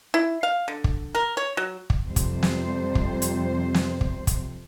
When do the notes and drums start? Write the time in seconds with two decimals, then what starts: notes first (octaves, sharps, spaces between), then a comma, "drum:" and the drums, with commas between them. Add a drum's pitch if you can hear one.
0.14 E4
0.43 F5
0.68 D3
0.84 drum: kick
1.15 A#4
1.37 C#5
1.57 F#3
1.90 drum: kick
2.05 F2 C3 F3 G3 C5
2.16 drum: kick, hi-hat
2.43 drum: snare
2.95 drum: kick
3.22 drum: hi-hat
3.74 drum: snare
4.01 drum: kick
4.27 drum: kick, hi-hat